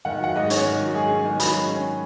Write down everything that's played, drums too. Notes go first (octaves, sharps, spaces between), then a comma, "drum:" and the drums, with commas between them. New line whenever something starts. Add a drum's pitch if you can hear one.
D#3 F#5
F#3 F#5
G#2 D#5
C#4 C#5, drum: hi-hat
D#3
F#3
G#2 G#4
C#4
D#3
F#3 B5, drum: hi-hat
G#2
C#4